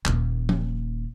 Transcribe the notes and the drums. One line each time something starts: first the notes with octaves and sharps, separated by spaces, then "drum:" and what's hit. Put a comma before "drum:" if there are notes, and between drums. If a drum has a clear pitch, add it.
D#1 A#3, drum: clap
drum: tom F3